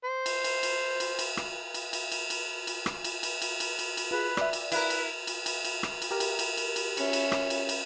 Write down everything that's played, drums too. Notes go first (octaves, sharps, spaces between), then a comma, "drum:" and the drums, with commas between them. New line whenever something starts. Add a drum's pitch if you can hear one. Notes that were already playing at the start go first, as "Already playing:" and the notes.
C5
drum: cymbal
drum: cymbal
drum: cymbal
drum: cymbal
drum: cymbal
drum: rim click
drum: cymbal
drum: cymbal
drum: cymbal
drum: cymbal
drum: cymbal
drum: rim click
drum: cymbal
drum: cymbal
drum: cymbal
drum: cymbal
drum: cymbal
drum: cymbal
F4 G#4 B4
D5 E5, drum: rim click
drum: cymbal
E4 A#4 B4, drum: cymbal
drum: cymbal
drum: cymbal
drum: cymbal
drum: cymbal
drum: rim click
drum: cymbal
G4 A#4
drum: cymbal
drum: cymbal
drum: cymbal
drum: cymbal
C#4 E5, drum: cymbal
drum: cymbal
drum: rim click
drum: cymbal
drum: cymbal